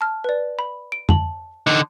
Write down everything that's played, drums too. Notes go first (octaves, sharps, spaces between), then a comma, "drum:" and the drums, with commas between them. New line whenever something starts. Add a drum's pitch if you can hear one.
A5 F6
B4 D5
B5
D7
A5 F#7, drum: tom F2
D3 D#4